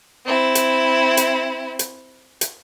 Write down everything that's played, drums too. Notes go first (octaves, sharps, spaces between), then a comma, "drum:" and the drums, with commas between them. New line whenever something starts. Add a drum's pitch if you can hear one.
C4 E4
drum: hi-hat
drum: hi-hat
drum: hi-hat
drum: hi-hat